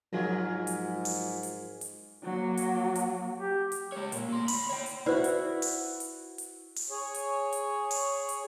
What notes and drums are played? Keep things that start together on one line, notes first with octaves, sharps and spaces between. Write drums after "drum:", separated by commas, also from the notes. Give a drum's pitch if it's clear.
G#2 F3 F#3 F4 F#4 G#4 A#4
drum: hi-hat
drum: open hi-hat
drum: hi-hat
drum: hi-hat
F#3 A#3
drum: hi-hat
drum: hi-hat
G4
drum: hi-hat
G#3 C#5
A#2, drum: hi-hat
A#3 C6
D2 B5, drum: open hi-hat
C#5 G5
drum: hi-hat
E4 F#4 B4 C5 D5
drum: hi-hat
drum: open hi-hat
drum: hi-hat
drum: hi-hat
drum: open hi-hat
G#4 C#5
drum: hi-hat
drum: hi-hat
drum: open hi-hat
drum: hi-hat